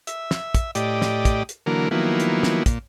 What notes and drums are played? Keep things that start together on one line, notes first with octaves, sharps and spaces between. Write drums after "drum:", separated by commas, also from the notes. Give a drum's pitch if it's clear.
E5, drum: hi-hat
drum: snare
drum: kick, hi-hat
A2 G4 D5 D#5, drum: hi-hat
drum: snare
drum: kick, hi-hat
drum: hi-hat
D3 E3 F#3 A#3 A#4
D#3 F3 F#3 A#3 B3 E4
drum: hi-hat
drum: snare
A#2, drum: kick, hi-hat